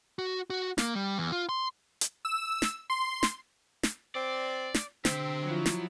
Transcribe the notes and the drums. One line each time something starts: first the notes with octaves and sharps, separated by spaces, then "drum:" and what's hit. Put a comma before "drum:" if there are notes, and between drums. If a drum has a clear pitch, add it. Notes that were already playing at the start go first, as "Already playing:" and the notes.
F#4
F#4
A#3, drum: snare
G3
E2
F4
C6
drum: hi-hat
E6
drum: snare
C6
drum: snare
drum: snare
C4 D5
drum: snare
D3 C4 G4 E5, drum: snare
F3 F#3 E4 F4
drum: snare